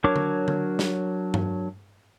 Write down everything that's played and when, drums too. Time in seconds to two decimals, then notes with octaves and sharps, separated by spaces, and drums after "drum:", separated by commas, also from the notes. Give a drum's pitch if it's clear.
0.04 F#3 D4 A#4 C#5 D6
0.16 drum: tom D3
0.48 drum: tom D3
0.79 drum: snare
1.34 drum: tom G2